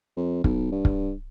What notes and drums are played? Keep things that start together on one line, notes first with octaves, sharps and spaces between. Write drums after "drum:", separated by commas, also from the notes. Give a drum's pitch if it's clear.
F2
B1, drum: kick
G2
drum: kick